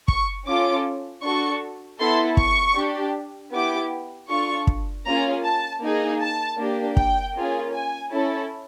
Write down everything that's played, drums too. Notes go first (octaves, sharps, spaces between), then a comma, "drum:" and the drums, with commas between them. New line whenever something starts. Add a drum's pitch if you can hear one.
C#6, drum: kick
C#4 F4 A4 D6
D4 F#4 A4 C#6
B3 E4 A4 C6
C#6, drum: kick
D4 G4
B3 E4 G4 D6
D4 F4 A4 C#6
drum: kick
A#3 C#4 F4 G#4 A#5
A5
A#3 D#4 G#4
A5
A#3 D4 G4
G5, drum: kick
A#3 C#4 F4 G#4
G#5
C#4 E4 A4